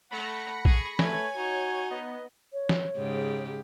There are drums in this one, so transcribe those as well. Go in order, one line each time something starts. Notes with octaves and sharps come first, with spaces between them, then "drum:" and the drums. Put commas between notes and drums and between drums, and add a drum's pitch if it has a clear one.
A3 F#5 B5 A#6 C#7
G#4 C#6, drum: kick A#1
A3 B4 C#5 G#5 G#6, drum: snare
D#4 F#4
B3 D#5
C#5
drum: snare
G#2 C#3 G4